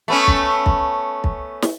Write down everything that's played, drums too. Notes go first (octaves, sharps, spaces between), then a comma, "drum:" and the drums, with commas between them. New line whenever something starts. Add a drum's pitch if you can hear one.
A3 B3 C#4
drum: kick
drum: kick
drum: kick
drum: snare